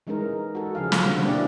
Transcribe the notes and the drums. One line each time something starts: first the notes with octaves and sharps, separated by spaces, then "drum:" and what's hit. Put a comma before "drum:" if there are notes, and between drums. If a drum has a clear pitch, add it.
E3 G#3 C#4 D#4 A#4
F#4 A4
C#3 F3 G#4 F5
drum: snare
B2 D3 F#3 C4 F#5
A#3 C#4 D4 E4 G4 D5